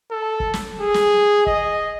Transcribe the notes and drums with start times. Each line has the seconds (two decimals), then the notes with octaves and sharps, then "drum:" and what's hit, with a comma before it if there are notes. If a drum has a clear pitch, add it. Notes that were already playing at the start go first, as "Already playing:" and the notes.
0.11 A4
0.40 drum: kick
0.54 drum: snare
0.81 G#4
0.94 drum: snare
1.47 D#5, drum: kick